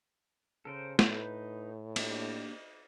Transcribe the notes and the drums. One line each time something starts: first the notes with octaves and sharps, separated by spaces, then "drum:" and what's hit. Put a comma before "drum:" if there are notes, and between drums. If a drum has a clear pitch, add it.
C#3 A4 A#4 C5
A2 D#4 B4 G6, drum: snare
A#3 D4 G4, drum: cymbal